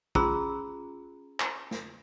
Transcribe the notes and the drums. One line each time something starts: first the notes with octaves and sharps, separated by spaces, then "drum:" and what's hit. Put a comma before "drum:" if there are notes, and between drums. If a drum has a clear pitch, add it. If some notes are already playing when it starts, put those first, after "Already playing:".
C#4 F4 G#4 A#5 C6 E6, drum: kick
drum: clap
drum: snare